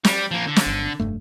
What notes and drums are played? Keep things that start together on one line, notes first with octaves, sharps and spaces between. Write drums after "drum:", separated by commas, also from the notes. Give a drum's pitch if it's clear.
G3, drum: snare
F3 A#3
D3
drum: snare
G1
F1 G2 A3